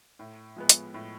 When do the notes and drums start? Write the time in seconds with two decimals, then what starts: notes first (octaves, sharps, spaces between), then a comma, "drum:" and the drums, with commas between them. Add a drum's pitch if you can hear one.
0.19 A2
0.56 F3 G#3 B3
0.69 drum: hi-hat
0.94 A2